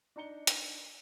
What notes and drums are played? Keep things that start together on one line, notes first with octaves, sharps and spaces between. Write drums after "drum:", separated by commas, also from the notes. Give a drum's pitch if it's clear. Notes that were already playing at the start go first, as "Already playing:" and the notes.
D4 D#4 A#5 C#7 G7
drum: hi-hat